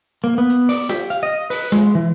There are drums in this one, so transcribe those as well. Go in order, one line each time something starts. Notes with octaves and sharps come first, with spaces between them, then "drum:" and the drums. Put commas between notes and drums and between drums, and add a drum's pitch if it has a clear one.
A#3
B3
drum: hi-hat
D5, drum: open hi-hat
G4, drum: snare F4
F5, drum: hi-hat
D#5
B4, drum: open hi-hat
G#3, drum: snare F4
E3